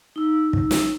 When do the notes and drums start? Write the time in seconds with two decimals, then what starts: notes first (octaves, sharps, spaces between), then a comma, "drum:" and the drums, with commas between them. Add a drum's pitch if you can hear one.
0.16 D#4 E6
0.53 drum: kick
0.71 drum: snare